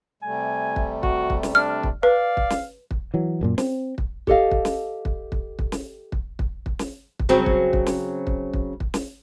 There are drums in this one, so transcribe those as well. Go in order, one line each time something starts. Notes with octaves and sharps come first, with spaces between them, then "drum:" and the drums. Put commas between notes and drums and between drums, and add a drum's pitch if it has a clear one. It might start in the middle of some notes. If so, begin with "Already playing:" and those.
C3 G3 A3 G#5
drum: kick
F#4, drum: kick
drum: kick
drum: snare
D4 F6
drum: kick
B4 D5 F5
drum: kick
drum: snare
drum: kick
E3 F#3
A1 F#2 A#2
C4, drum: snare
drum: kick
G4 A4 D#5 F5, drum: kick
drum: kick
drum: snare
drum: kick
drum: kick
drum: kick
drum: snare
drum: kick
drum: kick
drum: kick
drum: snare
drum: kick
C#3 F#3 C4
drum: kick
drum: kick
drum: snare
drum: kick
drum: kick
drum: kick
drum: snare